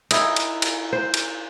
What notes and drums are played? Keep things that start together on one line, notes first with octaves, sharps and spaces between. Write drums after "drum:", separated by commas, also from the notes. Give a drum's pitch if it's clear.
D#4 E4, drum: cymbal
drum: cymbal
drum: cymbal
C5
drum: cymbal